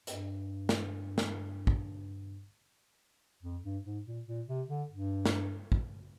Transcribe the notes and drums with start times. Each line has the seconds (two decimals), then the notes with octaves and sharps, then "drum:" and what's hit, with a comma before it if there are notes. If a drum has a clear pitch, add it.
0.07 G2, drum: hi-hat
0.69 drum: snare
1.18 drum: snare
1.67 drum: kick
3.43 F2
3.64 G2
3.85 G#2
4.06 A#2
4.27 A#2
4.48 C3
4.69 D3
4.90 G2
5.26 drum: snare
5.72 drum: kick